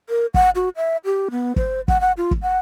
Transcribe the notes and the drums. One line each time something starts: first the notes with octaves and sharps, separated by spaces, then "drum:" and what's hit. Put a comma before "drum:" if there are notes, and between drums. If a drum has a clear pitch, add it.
A#4
F#5, drum: kick
F#4
E5
G4
B3
C5, drum: kick
F#5, drum: kick
F#5
F4
drum: kick
F#5